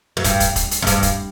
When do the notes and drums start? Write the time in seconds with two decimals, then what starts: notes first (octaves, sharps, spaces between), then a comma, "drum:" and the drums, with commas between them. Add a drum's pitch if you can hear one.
0.17 F#2
0.24 G2, drum: kick, hi-hat
0.40 drum: kick, hi-hat
0.56 drum: kick, hi-hat
0.71 drum: hi-hat
0.82 F#2
0.87 G2, drum: kick, hi-hat
1.02 drum: kick, hi-hat